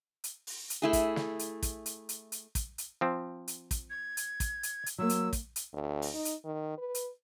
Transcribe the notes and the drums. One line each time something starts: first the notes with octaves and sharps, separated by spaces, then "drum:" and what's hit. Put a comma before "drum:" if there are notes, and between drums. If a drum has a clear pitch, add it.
drum: hi-hat
drum: open hi-hat
drum: hi-hat
A3 E4 G#4
drum: kick, hi-hat
drum: snare
drum: hi-hat
drum: kick, hi-hat
drum: hi-hat
drum: hi-hat
drum: hi-hat
drum: kick, hi-hat
drum: hi-hat
F3 C4
drum: hi-hat
drum: kick, hi-hat
G#6
drum: hi-hat
drum: kick, hi-hat
drum: hi-hat
drum: hi-hat
F#3 A#3 E6
drum: hi-hat
drum: kick, hi-hat
drum: hi-hat
D2
drum: open hi-hat
D#4
drum: hi-hat
D#3
B4
drum: hi-hat